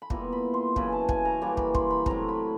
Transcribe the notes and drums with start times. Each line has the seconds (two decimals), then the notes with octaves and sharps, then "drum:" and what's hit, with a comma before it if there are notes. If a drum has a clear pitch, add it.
0.02 B5
0.10 A#2 G3 B3 E4 A#5, drum: kick
0.32 B5
0.54 C6
0.76 F#2 C#3 E3 B5, drum: kick
0.93 A5
1.09 G#5, drum: kick
1.25 A#5
1.41 E3 G3 A#3 C#4 A#5
1.57 B5, drum: kick
1.75 C6, drum: kick
1.90 B5
2.06 A2 F#3 A3 C4 A#5, drum: kick
2.29 B5